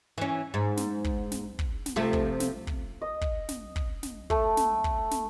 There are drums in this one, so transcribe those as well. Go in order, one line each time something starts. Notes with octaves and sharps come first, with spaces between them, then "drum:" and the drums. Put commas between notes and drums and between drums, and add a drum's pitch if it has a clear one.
E3 C#4
G#2
drum: snare
drum: kick
drum: snare
drum: kick
drum: snare
C3 F3 A3
drum: kick
drum: snare
drum: kick
D#5
drum: kick
drum: snare
drum: kick
drum: snare
A3, drum: kick
drum: snare
drum: kick
drum: snare